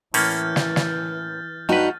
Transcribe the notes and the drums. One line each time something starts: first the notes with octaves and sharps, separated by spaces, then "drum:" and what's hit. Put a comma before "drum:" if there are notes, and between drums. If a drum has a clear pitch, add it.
A2 E3 A#3 C#4 F6 G6 A6, drum: open hi-hat
drum: snare
drum: snare
G2 D#4 F#4 B4